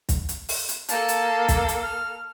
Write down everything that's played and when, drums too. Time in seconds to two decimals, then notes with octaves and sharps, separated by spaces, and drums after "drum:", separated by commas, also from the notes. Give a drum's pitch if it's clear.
0.09 drum: kick, hi-hat
0.29 drum: hi-hat
0.49 drum: open hi-hat
0.69 drum: hi-hat
0.89 A#3 A4 A5, drum: hi-hat
1.08 drum: hi-hat
1.48 drum: kick, hi-hat
1.68 drum: hi-hat
1.83 F6